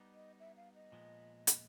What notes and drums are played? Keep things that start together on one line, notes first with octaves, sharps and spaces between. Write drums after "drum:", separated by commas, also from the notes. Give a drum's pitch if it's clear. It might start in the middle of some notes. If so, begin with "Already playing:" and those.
Already playing: G3 B3 D#4
D#5
E5
F5
D#5
A#2 F3 G#3 B3
drum: hi-hat